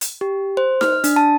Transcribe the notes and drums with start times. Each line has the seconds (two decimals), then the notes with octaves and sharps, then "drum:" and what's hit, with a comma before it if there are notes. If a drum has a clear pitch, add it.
0.01 drum: hi-hat
0.21 G4
0.57 C5
0.81 F6, drum: snare D#4
1.04 D4, drum: hi-hat
1.16 A5